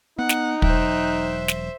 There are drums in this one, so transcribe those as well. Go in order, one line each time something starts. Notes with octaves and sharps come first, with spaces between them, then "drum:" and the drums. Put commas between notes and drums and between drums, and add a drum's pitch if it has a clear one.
B3 D#4 F#5
drum: snare
E1 F#3 C5 E5 G5 F#6, drum: kick
drum: snare